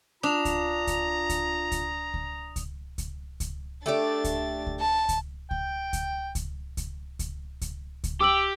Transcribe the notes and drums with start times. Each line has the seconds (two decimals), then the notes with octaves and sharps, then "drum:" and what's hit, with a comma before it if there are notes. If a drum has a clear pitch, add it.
0.23 D4 F4 A#5 D#6 F7
0.45 drum: kick C#2, hi-hat
0.87 drum: kick C#2, hi-hat
1.29 drum: kick C#2, hi-hat
1.72 drum: kick C#2, hi-hat
2.14 drum: kick C#2
2.56 drum: kick C#2, hi-hat
2.98 drum: kick C#2, hi-hat
3.40 drum: kick C#2, hi-hat
3.86 A3 D4 G4 D5 A6
4.24 drum: kick C#2, hi-hat
4.67 drum: kick C#2
4.80 A5
5.09 drum: kick C#2, hi-hat
5.51 G5, drum: kick C#2
5.93 drum: kick C#2, hi-hat
6.35 drum: kick C#2, hi-hat
6.77 drum: kick C#2, hi-hat
7.19 drum: kick C#2, hi-hat
7.61 drum: kick C#2, hi-hat
8.04 drum: kick C#2, hi-hat
8.21 G4 D6 E6 F#7